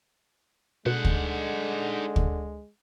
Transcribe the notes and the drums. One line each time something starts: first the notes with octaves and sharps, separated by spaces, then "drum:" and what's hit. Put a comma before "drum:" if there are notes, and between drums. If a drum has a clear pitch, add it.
B2 D3 G#3 D#4 F#5
drum: kick
drum: kick